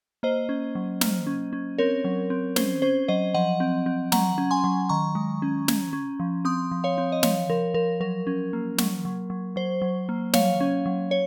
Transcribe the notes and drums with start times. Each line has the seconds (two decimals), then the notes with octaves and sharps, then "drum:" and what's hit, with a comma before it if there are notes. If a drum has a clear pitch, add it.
0.23 A#3 C5 D#5
0.49 C#4
0.75 F#3
1.01 A#3, drum: snare
1.27 C#4
1.53 C#4
1.78 C4 A#4 C#5
2.05 F#3
2.30 C4
2.56 C#4 C5, drum: snare
2.82 C#4 C5
3.08 F#3 C5 D#5
3.34 F3 D#5 F#5
3.60 C4
3.86 C4
4.12 F#3 F#5 A#5, drum: snare
4.38 C#4
4.51 G#5 C6
4.64 F#3
4.89 D#3 A#5 C#6
5.15 G#3
5.42 C#4
5.68 C#4, drum: snare
5.93 C#4
6.20 F3
6.45 C4 C6 D#6
6.71 F3
6.84 C#5 F5
6.98 C4
7.12 D#5
7.23 F3 C#5 F5, drum: snare
7.50 F3 A#4
7.74 F3 A#4
8.00 F#3 A#4
8.27 C#4
8.53 A#3
8.78 F#3, drum: snare
9.05 F#3
9.30 F#3
9.56 F#3 C5
9.82 F#3
10.09 A#3
10.33 F#3 C#5 F5, drum: snare
10.61 C#4
10.86 F#3
11.11 C#5